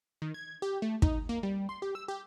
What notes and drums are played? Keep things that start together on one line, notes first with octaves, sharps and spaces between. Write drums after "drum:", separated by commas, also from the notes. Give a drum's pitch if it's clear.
D#3
G#6
G4
A3
D#4, drum: kick
A#3
G3
C6
G4
E6
G4